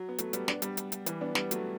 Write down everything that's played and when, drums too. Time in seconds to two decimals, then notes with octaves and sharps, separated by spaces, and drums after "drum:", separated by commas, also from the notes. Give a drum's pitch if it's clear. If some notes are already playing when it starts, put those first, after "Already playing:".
Already playing: F#3
0.09 B3
0.18 F#3 A3, drum: hi-hat
0.33 G3 B3, drum: hi-hat
0.48 B3 D4, drum: snare
0.62 G3 B3, drum: hi-hat
0.77 drum: hi-hat
0.92 drum: hi-hat
1.06 E3 G3, drum: hi-hat
1.21 B3 D4
1.35 G3 B3, drum: snare
1.51 F#3 A3, drum: hi-hat